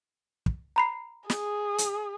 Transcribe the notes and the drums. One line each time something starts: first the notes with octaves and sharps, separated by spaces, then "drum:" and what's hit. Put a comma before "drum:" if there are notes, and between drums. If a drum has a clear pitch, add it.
drum: kick
A#5 B5 C7
G#4, drum: snare
drum: hi-hat